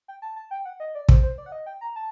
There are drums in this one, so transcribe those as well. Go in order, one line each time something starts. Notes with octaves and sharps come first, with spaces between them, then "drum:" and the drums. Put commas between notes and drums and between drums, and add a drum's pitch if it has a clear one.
G5
A5
A5
G5
F#5
D#5
D5
C5, drum: kick
C5
D5
F#5
D#5
G5
A#5
A5